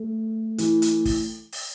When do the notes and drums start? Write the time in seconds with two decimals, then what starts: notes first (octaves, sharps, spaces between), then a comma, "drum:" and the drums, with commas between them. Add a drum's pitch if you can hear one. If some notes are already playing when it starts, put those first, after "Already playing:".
Already playing: A3
0.58 E3, drum: hi-hat
0.82 drum: hi-hat
1.05 drum: kick, open hi-hat
1.52 drum: open hi-hat